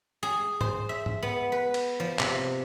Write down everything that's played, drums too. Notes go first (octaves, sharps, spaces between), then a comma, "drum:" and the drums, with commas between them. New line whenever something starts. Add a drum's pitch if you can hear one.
G#4
C5, drum: tom
E5
drum: tom
B3
B4
drum: cymbal
F3
C3, drum: clap